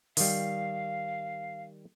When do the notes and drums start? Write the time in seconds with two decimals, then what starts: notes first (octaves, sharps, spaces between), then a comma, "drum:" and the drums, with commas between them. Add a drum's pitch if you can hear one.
0.17 D#3 G3 F5, drum: open hi-hat